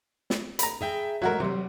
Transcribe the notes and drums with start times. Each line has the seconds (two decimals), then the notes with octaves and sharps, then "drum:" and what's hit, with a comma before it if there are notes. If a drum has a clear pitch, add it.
0.30 drum: snare
0.59 A#5 B5, drum: hi-hat
0.81 G#4 E5 G5
1.22 F#3 G#3 F#4 A#4 E5
1.40 C3 F#3 G3